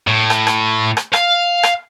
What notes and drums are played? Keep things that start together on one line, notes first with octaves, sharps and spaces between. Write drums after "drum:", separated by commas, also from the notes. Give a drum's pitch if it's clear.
A2
drum: rim click
drum: rim click
drum: rim click
F5, drum: rim click
drum: rim click